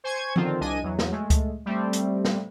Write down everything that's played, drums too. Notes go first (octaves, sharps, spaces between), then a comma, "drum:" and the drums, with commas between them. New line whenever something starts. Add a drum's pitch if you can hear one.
C5 G#5 C#6 G#6
D3 D#3 F3 C4 F4, drum: tom F3
C2 D4 D#5 G#5 D#7
E2 F#3
drum: snare
G#3 A3
drum: kick C#2, hi-hat
G3 A3 C4
drum: hi-hat
drum: snare